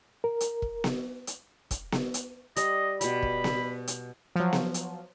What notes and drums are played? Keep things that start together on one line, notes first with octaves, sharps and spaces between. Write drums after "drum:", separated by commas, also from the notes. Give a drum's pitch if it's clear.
A#4
drum: hi-hat
drum: kick
drum: snare B3
drum: hi-hat
drum: kick, hi-hat
drum: snare B3
drum: hi-hat
G3 D#5 B5, drum: hi-hat
B2 G3 B5, drum: hi-hat
drum: kick
drum: snare B3
drum: hi-hat
F3 F#3
drum: snare B3
drum: hi-hat